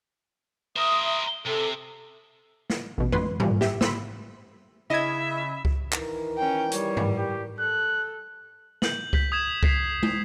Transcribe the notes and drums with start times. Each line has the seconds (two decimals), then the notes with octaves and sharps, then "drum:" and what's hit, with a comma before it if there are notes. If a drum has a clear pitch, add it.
0.77 A#4 C5 E5 D#6
1.45 C3 A4
2.70 drum: snare
2.98 A1 B2
3.12 B4 C6, drum: tom F2
3.40 A#2 G3, drum: tom G2
3.61 G4 E5, drum: snare
3.81 B5 C6 E6, drum: snare
4.90 C#3 E4 D#5 E5 G#6
5.65 drum: kick C#2
5.92 D#3 E3 A#4, drum: clap
6.38 C#4 G5
6.71 G3 C#5, drum: hi-hat
6.97 drum: tom G2
7.18 G4
7.59 A4 F#6
8.82 G6 F#7, drum: snare
9.13 G6 B6 F#7, drum: kick C#2
9.32 D#6 G#6 E7
9.63 B6 C7, drum: kick C#2
10.03 drum: tom